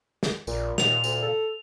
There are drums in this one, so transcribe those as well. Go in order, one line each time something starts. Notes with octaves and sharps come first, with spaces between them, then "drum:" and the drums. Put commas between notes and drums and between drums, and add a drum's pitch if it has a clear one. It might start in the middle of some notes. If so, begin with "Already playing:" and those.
drum: snare
A#1 A#2, drum: tambourine
D#2 A#2 F7, drum: snare
D2, drum: tambourine
A4